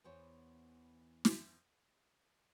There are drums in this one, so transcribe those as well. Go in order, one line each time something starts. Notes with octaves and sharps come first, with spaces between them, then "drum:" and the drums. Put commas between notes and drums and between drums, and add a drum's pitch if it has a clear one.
E2 E3 B3 C5 C#5
drum: snare